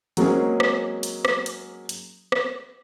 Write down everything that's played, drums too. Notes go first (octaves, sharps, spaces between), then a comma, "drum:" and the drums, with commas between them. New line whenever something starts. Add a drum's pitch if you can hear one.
F#3 G#3 A#3 C4 C#4 G#4, drum: hi-hat
drum: rim click
drum: hi-hat
drum: rim click
drum: hi-hat
drum: hi-hat
drum: rim click